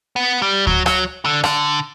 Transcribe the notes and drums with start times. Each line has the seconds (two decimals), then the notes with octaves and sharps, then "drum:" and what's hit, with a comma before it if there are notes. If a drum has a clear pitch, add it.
0.16 B3
0.42 G3
0.67 F#3, drum: kick D2
0.86 F#3, drum: rim click
1.25 D3
1.44 D3, drum: rim click